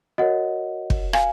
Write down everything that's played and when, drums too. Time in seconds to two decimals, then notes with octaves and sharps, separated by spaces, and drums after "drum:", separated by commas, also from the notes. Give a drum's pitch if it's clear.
0.18 F#4 A#4 C#5 D#5 F#5
0.90 drum: kick
1.13 F5 G#5, drum: rim click